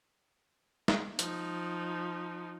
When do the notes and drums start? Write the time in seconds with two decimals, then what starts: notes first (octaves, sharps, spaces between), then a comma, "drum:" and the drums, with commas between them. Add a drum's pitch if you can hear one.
0.88 drum: snare
1.19 F3 D#4, drum: hi-hat